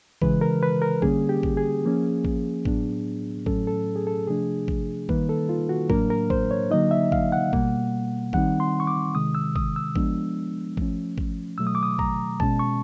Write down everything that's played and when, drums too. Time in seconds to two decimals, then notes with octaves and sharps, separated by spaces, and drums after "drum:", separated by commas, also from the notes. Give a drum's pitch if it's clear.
0.22 C#3 E3 G#3 B4, drum: kick
0.41 A#4
0.63 B4
0.82 A#4
1.02 D3 G3 A#3 C#4 G#4, drum: kick
1.29 G4
1.43 drum: kick
1.57 G#4
1.84 F3 A#3 C#4
2.24 drum: kick
2.65 A2 F#3 B3 D4, drum: kick
3.46 A2 F#3 A3 C#4 A4, drum: kick
3.67 A4
3.96 G#4
4.07 A4
4.27 C3 F3 A3 D4 G#4
4.68 drum: kick
5.09 D#3 G3 A#3 D#4 B4, drum: kick
5.29 A4
5.49 F4
5.69 F#4
5.90 A2 F#3 A#3 D4 A#4, drum: kick
6.10 A#4
6.30 C5, drum: kick
6.51 C#5
6.71 D3 F#3 A#3 D#4 D#5
6.91 E5
7.12 F5, drum: kick
7.32 F#5
7.53 B2 G3 A#3, drum: kick
8.33 D#3 G3 C4 D#4 F#5, drum: kick
8.60 C6
8.80 C#6
8.87 D6
9.15 C3 D#3 G#3 D#6
9.35 E6
9.56 D#6, drum: kick
9.76 E6
9.96 F3 G#3 B3 D4, drum: kick
10.77 F3 A3 C#4, drum: kick
11.18 drum: kick
11.58 B2 F#3 A3 E6
11.67 D#6
11.75 D6
11.83 D#6
11.99 A#5, drum: kick
12.40 B2 G#3 C#4 A5, drum: kick
12.59 C#6